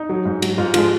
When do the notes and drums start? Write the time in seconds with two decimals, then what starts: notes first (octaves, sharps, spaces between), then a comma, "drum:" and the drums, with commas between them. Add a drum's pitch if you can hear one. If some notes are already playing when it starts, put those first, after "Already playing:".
Already playing: D#4
0.09 F#3
0.25 G#2
0.42 F#3, drum: cymbal
0.58 G#2 F4
0.74 F3 G#3 F4, drum: cymbal